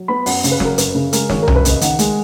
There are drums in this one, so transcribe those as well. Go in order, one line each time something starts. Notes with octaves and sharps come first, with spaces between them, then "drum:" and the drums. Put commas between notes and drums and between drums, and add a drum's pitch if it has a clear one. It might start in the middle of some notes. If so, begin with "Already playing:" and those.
Already playing: F#3
B3 B5
F#2 F#5, drum: open hi-hat
C#3, drum: hi-hat
B4
F#3, drum: snare
A#4
F#2 B4, drum: hi-hat
C#3
G#3 A#4, drum: hi-hat
G#1 C#5, drum: snare
A#4
F#2, drum: tom C2
B4
C#3 D#5, drum: hi-hat
D#3 F#5, drum: hi-hat
G#3, drum: hi-hat